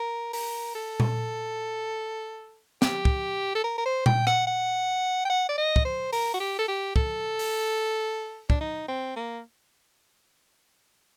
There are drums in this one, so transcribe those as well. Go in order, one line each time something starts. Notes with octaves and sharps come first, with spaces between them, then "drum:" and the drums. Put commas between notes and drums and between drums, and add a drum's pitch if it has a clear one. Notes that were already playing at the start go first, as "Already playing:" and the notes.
Already playing: A#4
A#4, drum: open hi-hat
A4
drum: tom A#2
G4, drum: snare
drum: kick
A4
A#4
A#4
C5
G5, drum: tom A#2
F#5, drum: rim click
F#5
G5
F#5
D5
D#5
drum: kick
C5
A#4, drum: open hi-hat
F#4
G4
A4
G4
A4, drum: kick
drum: open hi-hat
D4, drum: kick
D#4
C4
A#3